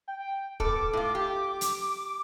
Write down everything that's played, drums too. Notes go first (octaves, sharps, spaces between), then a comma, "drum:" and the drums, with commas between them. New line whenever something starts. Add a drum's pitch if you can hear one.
G5
B2 A4 D6, drum: kick
A2 F4
G4
drum: hi-hat